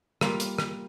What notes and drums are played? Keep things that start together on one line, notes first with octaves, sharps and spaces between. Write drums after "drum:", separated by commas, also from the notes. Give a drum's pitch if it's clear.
G3 A#3 F4, drum: rim click
drum: hi-hat
drum: rim click